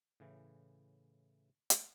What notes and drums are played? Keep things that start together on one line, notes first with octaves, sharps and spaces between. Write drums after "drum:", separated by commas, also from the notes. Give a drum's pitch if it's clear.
A2 C#3 E3
drum: hi-hat